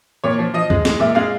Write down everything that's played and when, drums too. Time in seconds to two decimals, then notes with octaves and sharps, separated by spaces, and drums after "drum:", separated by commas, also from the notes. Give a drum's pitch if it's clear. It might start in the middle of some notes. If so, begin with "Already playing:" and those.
0.24 A#2 C#5
0.38 F3
0.54 F3 D#5
0.70 G#3, drum: kick C#2
0.85 G#3, drum: snare
1.00 A#2 E5
1.15 G#3 F5